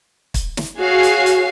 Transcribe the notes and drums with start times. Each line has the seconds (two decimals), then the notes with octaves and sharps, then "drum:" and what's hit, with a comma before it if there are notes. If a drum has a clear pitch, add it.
0.34 drum: kick, hi-hat
0.57 drum: snare
0.80 F#4 G#4 C#5 F5
1.03 drum: hi-hat
1.26 drum: hi-hat